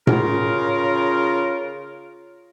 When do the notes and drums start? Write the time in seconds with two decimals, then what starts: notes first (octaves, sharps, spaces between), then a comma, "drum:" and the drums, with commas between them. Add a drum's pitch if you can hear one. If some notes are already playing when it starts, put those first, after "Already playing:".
0.07 C#3 F4 A#4, drum: tom A2